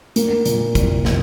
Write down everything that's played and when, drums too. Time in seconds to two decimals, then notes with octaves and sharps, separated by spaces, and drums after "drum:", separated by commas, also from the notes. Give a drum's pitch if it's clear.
0.16 A#3, drum: hi-hat
0.45 A#2, drum: hi-hat
0.75 C2, drum: kick, hi-hat
1.05 F3, drum: snare